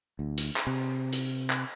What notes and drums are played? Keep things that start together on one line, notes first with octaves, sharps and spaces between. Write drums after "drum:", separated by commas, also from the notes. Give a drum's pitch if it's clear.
D2
drum: hi-hat
drum: clap
C3
drum: hi-hat
drum: clap